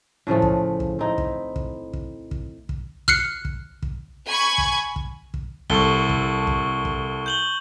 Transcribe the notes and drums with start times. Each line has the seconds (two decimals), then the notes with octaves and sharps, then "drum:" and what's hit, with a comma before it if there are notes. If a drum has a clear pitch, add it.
0.27 A2 C#3 F3 A3
0.42 drum: kick
0.80 drum: kick
0.99 C4 D#4 E4
1.18 drum: kick
1.56 drum: kick
1.93 drum: kick
2.31 drum: kick
2.69 drum: kick
3.08 F6 F#6 C7 C#7, drum: kick
3.45 drum: kick
3.82 drum: kick
4.29 G#5 B5 C#6 G#6
4.58 drum: kick
4.96 drum: kick
5.34 drum: kick
5.70 C2 A4 C#6 G7, drum: kick
6.09 drum: kick
6.47 drum: kick
6.85 drum: kick
7.26 G6 F#7 G7